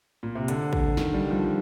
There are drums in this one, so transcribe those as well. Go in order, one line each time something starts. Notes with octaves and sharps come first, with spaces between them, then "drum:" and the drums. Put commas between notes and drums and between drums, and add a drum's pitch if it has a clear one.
A#2
C3
D3, drum: hi-hat
drum: kick A1
D#3, drum: snare
G3
F3